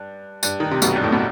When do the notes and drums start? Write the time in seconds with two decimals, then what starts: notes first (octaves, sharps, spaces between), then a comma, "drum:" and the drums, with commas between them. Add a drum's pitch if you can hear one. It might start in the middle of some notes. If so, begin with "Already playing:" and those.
Already playing: G2
0.43 G2, drum: tambourine
0.60 D#3
0.71 C3
0.82 B1 B2, drum: tambourine
0.96 G2
1.04 A2
1.12 B2